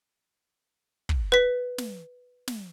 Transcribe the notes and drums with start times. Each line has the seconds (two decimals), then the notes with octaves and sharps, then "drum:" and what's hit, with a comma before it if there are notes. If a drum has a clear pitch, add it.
1.09 drum: kick
1.32 B4 B6
1.78 drum: snare
2.48 drum: snare